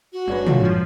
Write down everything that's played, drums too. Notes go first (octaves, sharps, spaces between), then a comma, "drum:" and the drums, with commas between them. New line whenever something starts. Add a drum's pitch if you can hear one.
F#4
G1 G#2 F#3 D4 B4
D4 F4, drum: tom
F3